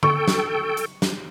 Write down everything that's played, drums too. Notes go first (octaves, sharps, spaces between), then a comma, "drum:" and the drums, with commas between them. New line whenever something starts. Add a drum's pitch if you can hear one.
A4 G5 C#6, drum: tom D3
drum: snare
drum: hi-hat
drum: snare